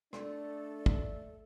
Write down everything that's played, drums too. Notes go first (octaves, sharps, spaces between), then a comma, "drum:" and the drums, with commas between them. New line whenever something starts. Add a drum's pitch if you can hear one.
A3 D4 A4 D5, drum: rim click
drum: kick